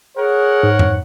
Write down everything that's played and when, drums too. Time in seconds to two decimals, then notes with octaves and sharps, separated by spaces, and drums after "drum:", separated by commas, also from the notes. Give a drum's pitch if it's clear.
0.17 G#4 A#4 C#5 F#5
0.63 G#2
0.79 drum: tom F2